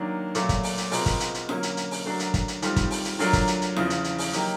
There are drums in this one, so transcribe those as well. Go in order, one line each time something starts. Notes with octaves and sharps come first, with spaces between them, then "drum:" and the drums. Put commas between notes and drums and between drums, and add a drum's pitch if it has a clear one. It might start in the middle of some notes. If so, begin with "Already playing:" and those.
Already playing: D#3 F#3 A#3 D4
A#2 F#3 A3, drum: hi-hat
drum: kick, hi-hat
drum: open hi-hat
drum: hi-hat
B2 G#3 C4 F4 A#4, drum: open hi-hat
drum: kick, hi-hat
drum: hi-hat
drum: hi-hat
D3 F#3 A#3 C#4, drum: snare F4
drum: hi-hat
drum: hi-hat
drum: open hi-hat
F#3 A3 D4 F#4 A#4
drum: hi-hat
drum: kick, hi-hat
drum: hi-hat
D#3 G3 C4 F4 A4, drum: hi-hat
drum: kick, hi-hat
drum: open hi-hat
drum: hi-hat
F#3 A3 D4 F4 A#4, drum: open hi-hat
drum: kick, hi-hat
drum: hi-hat
drum: hi-hat
E2 C#3 F3, drum: snare F4
drum: hi-hat
drum: hi-hat
drum: open hi-hat
F#3 A#3 D#4 G4 A#4, drum: hi-hat